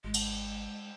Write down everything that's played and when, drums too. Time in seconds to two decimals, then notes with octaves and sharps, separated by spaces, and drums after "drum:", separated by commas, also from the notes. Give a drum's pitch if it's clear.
0.05 G#1 G#3
0.14 drum: cymbal